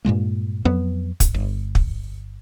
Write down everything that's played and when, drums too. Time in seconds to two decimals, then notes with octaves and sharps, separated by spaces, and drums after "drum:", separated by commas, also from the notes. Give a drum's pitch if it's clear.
0.05 G2 A#2 G#3 A#3
0.65 F2 F#3 B3
1.20 drum: kick, hi-hat
1.34 G1
1.75 drum: kick